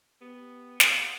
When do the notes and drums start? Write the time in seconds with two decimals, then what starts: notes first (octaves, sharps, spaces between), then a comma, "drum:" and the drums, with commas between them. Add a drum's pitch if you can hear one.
0.21 B3 G4
0.80 F5 F#5 D6 D#6, drum: snare